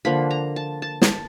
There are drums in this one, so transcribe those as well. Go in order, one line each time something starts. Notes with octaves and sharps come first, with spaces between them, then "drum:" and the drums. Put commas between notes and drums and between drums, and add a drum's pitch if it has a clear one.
D3 F3 A#3 B5
A#5
A5
A5
A5, drum: snare